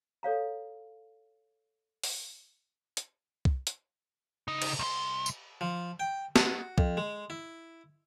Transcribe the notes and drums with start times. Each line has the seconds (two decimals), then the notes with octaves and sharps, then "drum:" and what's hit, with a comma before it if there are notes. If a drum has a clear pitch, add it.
0.23 A4 C#5 F5 A#5
2.04 drum: open hi-hat
2.97 drum: hi-hat
3.45 drum: kick
3.67 drum: hi-hat
4.48 C#3 D#4
4.62 drum: cymbal
4.79 C2 C6
5.26 drum: tambourine
5.61 F3
6.00 G5
6.36 F#4, drum: snare
6.78 F2, drum: kick
6.97 G#3
7.30 E4